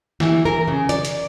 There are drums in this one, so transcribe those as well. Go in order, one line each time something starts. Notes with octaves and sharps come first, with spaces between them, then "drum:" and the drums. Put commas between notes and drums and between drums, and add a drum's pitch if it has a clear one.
E3, drum: snare
A#4
C#3
D5, drum: hi-hat
drum: hi-hat